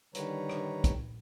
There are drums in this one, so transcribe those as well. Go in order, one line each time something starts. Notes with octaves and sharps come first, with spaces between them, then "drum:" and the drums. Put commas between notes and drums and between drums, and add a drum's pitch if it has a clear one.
D3 D#3 G3 B4 C#5 A#5, drum: hi-hat
drum: rim click
drum: kick, hi-hat